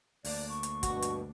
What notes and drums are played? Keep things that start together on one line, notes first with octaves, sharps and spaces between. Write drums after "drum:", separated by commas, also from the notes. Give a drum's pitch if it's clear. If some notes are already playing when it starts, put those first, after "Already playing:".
D2 A#3 D4 D5, drum: open hi-hat
C#6
drum: hi-hat
G2 B2 F#4, drum: kick, hi-hat
drum: hi-hat